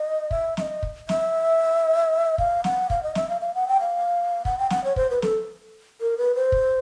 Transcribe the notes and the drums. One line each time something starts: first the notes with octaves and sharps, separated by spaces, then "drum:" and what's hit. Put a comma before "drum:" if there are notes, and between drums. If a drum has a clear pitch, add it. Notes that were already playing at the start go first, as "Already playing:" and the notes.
Already playing: D#5
E5, drum: kick
E5, drum: snare
D#5
drum: kick
E5, drum: snare
F5, drum: kick
F#5, drum: snare
F5, drum: kick
D#5
E5, drum: snare
F5
F5
F#5
G5
F5
F#5, drum: kick
G5
F#5, drum: snare
C#5
C5, drum: kick
B4
A4, drum: snare
A#4
B4
C5
drum: kick